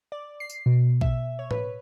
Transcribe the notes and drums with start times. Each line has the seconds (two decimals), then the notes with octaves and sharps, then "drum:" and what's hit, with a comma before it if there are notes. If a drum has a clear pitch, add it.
0.12 D5
0.40 C7
0.49 drum: tambourine
0.66 B2
1.01 E5, drum: kick A#1
1.39 C#5
1.51 B4, drum: tom A2